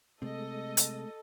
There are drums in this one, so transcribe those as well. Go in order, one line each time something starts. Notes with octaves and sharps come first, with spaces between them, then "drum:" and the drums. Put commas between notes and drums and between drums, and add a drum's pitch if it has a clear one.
C3 G#3 A3 C4 A4 D#5
drum: hi-hat